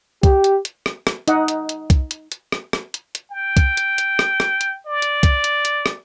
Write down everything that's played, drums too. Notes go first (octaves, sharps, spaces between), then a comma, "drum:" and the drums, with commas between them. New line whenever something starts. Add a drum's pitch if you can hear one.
G4, drum: kick C2, hi-hat
drum: hi-hat
drum: hi-hat
drum: rim click
drum: rim click
D#4 D#5 F#5, drum: hi-hat
drum: hi-hat
drum: hi-hat
drum: kick C2, hi-hat
drum: hi-hat
drum: hi-hat
drum: rim click
drum: rim click
drum: hi-hat
drum: hi-hat
G5
drum: kick C2, hi-hat
drum: hi-hat
drum: hi-hat
drum: rim click
drum: rim click
drum: hi-hat
D5
drum: hi-hat
drum: kick C2, hi-hat
drum: hi-hat
drum: hi-hat
drum: rim click